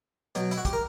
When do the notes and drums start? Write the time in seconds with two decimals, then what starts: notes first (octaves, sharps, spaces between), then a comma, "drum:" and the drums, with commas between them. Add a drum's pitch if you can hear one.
0.35 B2 F#3, drum: hi-hat
0.51 E4, drum: hi-hat
0.58 F#4
0.65 G4, drum: kick, hi-hat
0.73 A#4